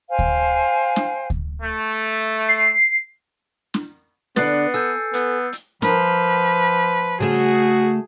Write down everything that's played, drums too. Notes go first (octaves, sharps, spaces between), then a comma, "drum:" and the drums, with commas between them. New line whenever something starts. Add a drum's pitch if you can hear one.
C5 F5 G5 G#5
drum: kick D2
drum: snare
drum: kick D2
A3
C7
drum: snare
D3 B3 D4 B4 A6 C7 C#7, drum: snare
A4 G#5 E6 G6
B3, drum: hi-hat
drum: hi-hat
F3 A#4 B4, drum: snare
C#3 A3 F#4 G#4